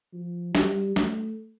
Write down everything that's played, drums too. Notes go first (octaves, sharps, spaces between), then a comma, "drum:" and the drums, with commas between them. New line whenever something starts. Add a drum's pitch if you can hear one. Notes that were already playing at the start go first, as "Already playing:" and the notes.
F3
G3, drum: snare
A3, drum: snare